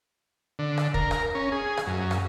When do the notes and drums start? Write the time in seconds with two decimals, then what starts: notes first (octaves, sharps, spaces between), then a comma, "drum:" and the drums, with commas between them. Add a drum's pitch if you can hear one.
0.59 D3
0.78 drum: rim click
0.94 A#4, drum: kick
1.11 drum: rim click
1.35 C#4
1.52 G#4
1.77 drum: rim click
1.87 F#2
2.11 drum: rim click